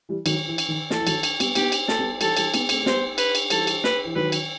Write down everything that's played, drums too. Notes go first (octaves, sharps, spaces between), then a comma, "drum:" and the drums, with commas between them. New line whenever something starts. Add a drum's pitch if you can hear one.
E3 G3
D#3 F#3, drum: cymbal
E3
drum: cymbal
D#3
E3 A4, drum: snare
E3
D#3 F#3, drum: cymbal
drum: cymbal
G3 B3, drum: cymbal
B3 D#4 G4, drum: cymbal
drum: cymbal
A4, drum: snare
G3 B3
E3 G3 A4, drum: cymbal
E3 G3, drum: cymbal
B3 D#4, drum: cymbal
A3 C4, drum: cymbal
A3
G3 B3 C5, drum: snare
B4, drum: cymbal
drum: cymbal
E3 G3 A4, drum: cymbal
drum: cymbal
B4, drum: snare
E3
D#3 F#3 B4
drum: cymbal